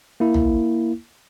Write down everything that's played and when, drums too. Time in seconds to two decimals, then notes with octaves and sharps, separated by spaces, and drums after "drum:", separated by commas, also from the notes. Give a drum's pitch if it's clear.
0.20 A#3 E4
0.34 drum: tom